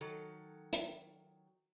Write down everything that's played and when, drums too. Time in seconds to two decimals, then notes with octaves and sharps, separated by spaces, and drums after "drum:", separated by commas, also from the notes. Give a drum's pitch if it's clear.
0.01 D#3 F#3 A4
0.73 drum: hi-hat